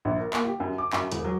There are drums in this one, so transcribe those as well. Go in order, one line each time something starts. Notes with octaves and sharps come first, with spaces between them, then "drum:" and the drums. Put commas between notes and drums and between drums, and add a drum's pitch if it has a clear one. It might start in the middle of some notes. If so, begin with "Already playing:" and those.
A#1
A#4
A#3, drum: clap
G4
F#2
D6
F#2, drum: clap
E1, drum: hi-hat
F#3